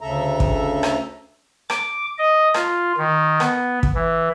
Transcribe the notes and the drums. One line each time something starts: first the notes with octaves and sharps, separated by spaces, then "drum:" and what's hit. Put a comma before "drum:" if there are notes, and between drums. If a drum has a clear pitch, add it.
D2 C#3 A4 E5 A#5
drum: kick
drum: rim click
D6, drum: rim click
D#5
F4, drum: rim click
D#3
B3, drum: rim click
drum: kick
E3